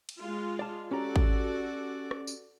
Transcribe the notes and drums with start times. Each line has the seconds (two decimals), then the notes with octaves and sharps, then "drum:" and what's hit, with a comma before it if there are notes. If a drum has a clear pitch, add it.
0.09 drum: cymbal
0.18 G#3 F4
0.59 D5 A5
0.91 C#4 F#4 G4 A4 D5 A#5
1.16 drum: kick G#1
2.11 drum: rim click
2.27 drum: tambourine